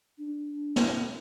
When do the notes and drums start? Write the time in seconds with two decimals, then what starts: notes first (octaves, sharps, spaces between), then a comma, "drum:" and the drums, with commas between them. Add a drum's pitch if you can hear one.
0.18 D4
0.76 drum: snare